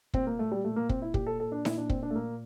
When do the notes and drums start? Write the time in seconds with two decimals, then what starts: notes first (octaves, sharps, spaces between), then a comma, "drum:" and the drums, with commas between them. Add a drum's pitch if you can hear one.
0.14 A#2 C4, drum: kick
0.27 A#3
0.39 A3
0.52 G3
0.64 A#2 A3
0.76 A#3
0.89 C4, drum: kick
1.02 E4
1.14 A#2 G4, drum: kick
1.27 A4
1.40 A4
1.52 D4
1.65 A#2 E4, drum: snare D#4
1.78 D4
1.90 C4, drum: kick
2.02 D4
2.10 A3
2.15 A#2 A#3